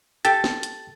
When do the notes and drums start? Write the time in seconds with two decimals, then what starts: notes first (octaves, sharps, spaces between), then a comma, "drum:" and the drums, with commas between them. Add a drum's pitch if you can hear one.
0.25 G4 A4 A6, drum: hi-hat
0.44 drum: snare
0.63 drum: hi-hat